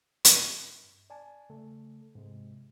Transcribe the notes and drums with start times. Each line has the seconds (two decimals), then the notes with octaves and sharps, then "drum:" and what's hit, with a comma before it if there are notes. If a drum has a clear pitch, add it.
0.25 G2, drum: hi-hat
1.10 D5 G#5 A5
1.49 C#3 A3 A4
2.15 G#2 C3 G#3